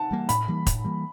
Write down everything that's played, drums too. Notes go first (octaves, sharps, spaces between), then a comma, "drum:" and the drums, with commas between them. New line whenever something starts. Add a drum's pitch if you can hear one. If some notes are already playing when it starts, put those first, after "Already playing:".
Already playing: F#5 A5
E3 G3 A#3
A2 B5, drum: hi-hat
E3 G3 A#3
A2, drum: kick F1, hi-hat
E3 G3 A#3